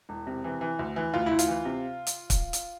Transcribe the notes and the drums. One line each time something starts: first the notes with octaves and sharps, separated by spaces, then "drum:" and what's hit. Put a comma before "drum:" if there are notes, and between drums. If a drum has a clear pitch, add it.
E1
C3
E3
E3
D2
E3
D2 F4
E4
D2
F4, drum: hi-hat
E3
C3
drum: hi-hat
drum: kick, hi-hat
drum: hi-hat